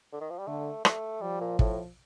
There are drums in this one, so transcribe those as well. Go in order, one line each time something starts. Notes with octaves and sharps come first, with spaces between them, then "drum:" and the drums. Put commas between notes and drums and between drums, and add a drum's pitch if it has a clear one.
D3
D#3
F3
G3
D3 A3
A3, drum: rim click
F3 G3
A#2
A2, drum: kick